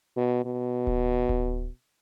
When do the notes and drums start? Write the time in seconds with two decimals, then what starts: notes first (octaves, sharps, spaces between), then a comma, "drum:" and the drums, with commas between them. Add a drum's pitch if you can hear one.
0.17 B2
0.45 B2
0.87 drum: kick D1
1.29 drum: kick D1